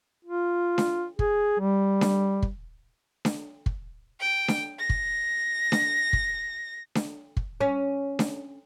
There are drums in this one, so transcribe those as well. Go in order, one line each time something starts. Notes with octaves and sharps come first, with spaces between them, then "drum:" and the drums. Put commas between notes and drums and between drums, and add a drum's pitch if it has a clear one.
F4
drum: snare D4
G#4, drum: kick
G3
drum: snare D4
drum: kick
drum: snare D4
drum: kick
G5
drum: snare D4
A#6
drum: kick
drum: snare D4
drum: kick
drum: snare D4
drum: kick
C#4
drum: snare D4